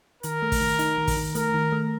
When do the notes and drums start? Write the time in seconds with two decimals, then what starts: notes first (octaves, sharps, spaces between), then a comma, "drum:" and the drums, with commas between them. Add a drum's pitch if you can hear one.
0.23 D#3 A#4, drum: hi-hat
0.42 A3
0.52 drum: kick, open hi-hat
0.61 D#3
0.79 D#4, drum: hi-hat
0.98 D#3
1.07 drum: kick, open hi-hat
1.17 D#3
1.35 A3 A#4, drum: hi-hat
1.54 D#3
1.72 A3